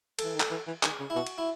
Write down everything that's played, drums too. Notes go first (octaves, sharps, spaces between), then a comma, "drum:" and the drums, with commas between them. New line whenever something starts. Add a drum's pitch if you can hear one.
A4, drum: cymbal
E3
D#3
A4, drum: clap
E3
E3
D#3 G#4, drum: clap
C#3
E4
B2 F#4
drum: cymbal
E4